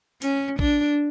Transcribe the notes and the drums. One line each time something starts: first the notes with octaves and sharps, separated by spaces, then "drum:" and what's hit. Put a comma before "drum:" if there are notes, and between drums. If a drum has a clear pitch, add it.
C#4, drum: hi-hat
D4, drum: kick A#1